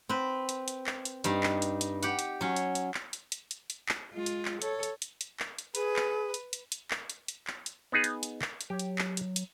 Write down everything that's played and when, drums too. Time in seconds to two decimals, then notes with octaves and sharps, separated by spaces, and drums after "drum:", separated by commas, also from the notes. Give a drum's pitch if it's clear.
0.09 C4 B4
0.49 drum: hi-hat
0.68 drum: hi-hat
0.87 drum: clap
1.05 drum: hi-hat
1.24 G2 G3 D#4, drum: hi-hat
1.43 drum: clap
1.62 drum: hi-hat
1.81 drum: hi-hat
2.03 G4 F#5, drum: hi-hat
2.19 drum: hi-hat
2.41 F#3 C#4
2.56 drum: hi-hat
2.75 drum: hi-hat
2.94 drum: clap
3.13 drum: hi-hat
3.32 drum: hi-hat
3.51 drum: hi-hat
3.70 drum: hi-hat
3.89 drum: clap
4.13 G#3 F4
4.26 drum: hi-hat
4.45 drum: clap
4.62 A4 C#5, drum: hi-hat
4.83 drum: hi-hat
5.02 drum: hi-hat
5.21 drum: hi-hat
5.40 drum: clap
5.59 drum: hi-hat
5.75 G#4 B4, drum: hi-hat
5.96 drum: clap
6.34 drum: hi-hat
6.53 drum: hi-hat
6.72 drum: hi-hat
6.91 drum: clap
7.10 drum: hi-hat
7.28 drum: hi-hat
7.47 drum: clap
7.66 drum: hi-hat
7.92 B3 D#4 G#4
8.04 drum: hi-hat
8.23 drum: hi-hat
8.42 drum: clap
8.61 drum: hi-hat
8.70 F#3 G4 C#5
8.79 drum: hi-hat
8.98 drum: clap
9.17 drum: hi-hat
9.36 drum: hi-hat